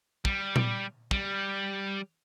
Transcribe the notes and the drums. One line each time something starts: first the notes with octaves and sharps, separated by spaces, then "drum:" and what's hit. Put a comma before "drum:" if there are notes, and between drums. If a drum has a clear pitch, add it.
G3, drum: kick
drum: tom A#2
G3, drum: kick